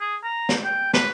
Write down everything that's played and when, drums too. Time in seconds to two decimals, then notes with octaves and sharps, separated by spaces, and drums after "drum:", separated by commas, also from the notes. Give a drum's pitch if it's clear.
0.01 G#4
0.24 A#5
0.49 drum: snare
0.64 G5
0.94 B4, drum: snare